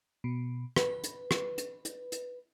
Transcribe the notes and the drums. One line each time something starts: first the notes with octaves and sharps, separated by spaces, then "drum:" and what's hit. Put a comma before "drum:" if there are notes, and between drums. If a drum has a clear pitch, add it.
B2
B4, drum: rim click
drum: hi-hat
drum: rim click
drum: hi-hat
drum: hi-hat
drum: hi-hat